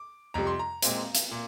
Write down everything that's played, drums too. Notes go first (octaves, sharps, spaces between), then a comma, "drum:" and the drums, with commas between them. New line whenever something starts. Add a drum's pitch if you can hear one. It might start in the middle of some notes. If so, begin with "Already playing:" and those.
Already playing: D6
F2 C3 G3 A#5
C6
A#5
A#2 G#3 C4, drum: hi-hat
drum: hi-hat
A#2